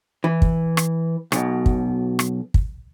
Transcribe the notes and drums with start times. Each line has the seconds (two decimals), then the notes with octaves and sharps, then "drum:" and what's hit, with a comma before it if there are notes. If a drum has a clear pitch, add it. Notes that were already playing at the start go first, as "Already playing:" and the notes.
0.24 E3
0.42 drum: kick
0.77 drum: rim click
1.32 B1 B2, drum: rim click
1.66 drum: kick
2.19 drum: rim click
2.54 drum: kick